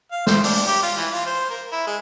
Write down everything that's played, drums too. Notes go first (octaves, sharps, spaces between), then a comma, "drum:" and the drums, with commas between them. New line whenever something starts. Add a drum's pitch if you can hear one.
F5
C5, drum: snare
D4, drum: open hi-hat
G4
F4
E3
F4
C5
A#4
E4
G#3